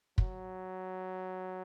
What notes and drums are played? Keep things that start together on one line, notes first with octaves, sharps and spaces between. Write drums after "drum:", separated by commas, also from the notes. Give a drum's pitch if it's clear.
F#3, drum: kick